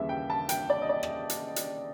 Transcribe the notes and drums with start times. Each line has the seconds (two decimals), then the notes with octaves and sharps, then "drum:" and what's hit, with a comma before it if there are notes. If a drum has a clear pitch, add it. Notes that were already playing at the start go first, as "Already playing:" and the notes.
Already playing: D#2 C#3 E3 G3 E5
0.09 G5
0.30 A5
0.49 G5, drum: hi-hat
0.70 D5
0.82 D#5
0.89 D5
1.03 drum: rim click
1.30 drum: hi-hat
1.56 drum: hi-hat